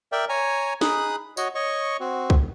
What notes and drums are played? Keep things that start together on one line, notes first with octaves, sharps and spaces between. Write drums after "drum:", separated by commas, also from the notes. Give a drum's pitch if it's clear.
A#4 D5 E5 G5
C#5 G#5 A#5
D#4 G#4 B5 D#6 F#6, drum: snare
F#4 C#5 D#5, drum: tambourine
C#5 D#5 C#6
C4 F#4
drum: kick C2